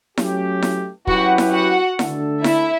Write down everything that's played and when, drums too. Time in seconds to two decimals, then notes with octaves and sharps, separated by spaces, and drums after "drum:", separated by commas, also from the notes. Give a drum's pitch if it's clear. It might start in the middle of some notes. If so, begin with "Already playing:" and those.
0.17 F#3 A3 C#4 G4, drum: snare E4
0.62 drum: snare E4
1.07 F#3 C#4 E4 F#4 G4 B4 F#5, drum: kick
1.38 drum: snare E4
1.53 F#4 F#5
1.99 D3 A3 D4 A4, drum: snare E4
2.44 E4 E5, drum: snare E4